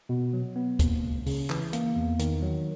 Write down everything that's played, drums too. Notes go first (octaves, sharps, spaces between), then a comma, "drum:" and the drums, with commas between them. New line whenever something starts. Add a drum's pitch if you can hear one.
B2
F#3
B3
A#3, drum: kick, hi-hat
C#2
C#3, drum: open hi-hat
E3, drum: clap
A#3, drum: hi-hat
E2
D#3, drum: hi-hat
F#3